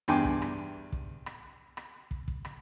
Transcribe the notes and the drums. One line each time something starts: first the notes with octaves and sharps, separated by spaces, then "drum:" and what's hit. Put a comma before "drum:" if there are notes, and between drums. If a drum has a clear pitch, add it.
E2 G2 G5 G#5 C6 D6, drum: rim click
drum: kick
drum: rim click
drum: kick
drum: rim click
drum: rim click
drum: kick
drum: kick
drum: rim click